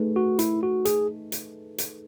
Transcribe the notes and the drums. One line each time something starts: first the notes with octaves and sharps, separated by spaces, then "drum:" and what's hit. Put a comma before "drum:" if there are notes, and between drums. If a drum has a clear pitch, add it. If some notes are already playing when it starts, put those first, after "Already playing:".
Already playing: A3 D#4 G#4 B4
F#4
E4, drum: hi-hat
F#4
G#4, drum: hi-hat
drum: hi-hat
drum: hi-hat